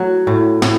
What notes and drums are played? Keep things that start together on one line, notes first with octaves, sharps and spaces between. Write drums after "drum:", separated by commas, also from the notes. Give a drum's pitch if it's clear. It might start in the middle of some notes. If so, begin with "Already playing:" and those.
Already playing: A2 F#3
A2
A2, drum: snare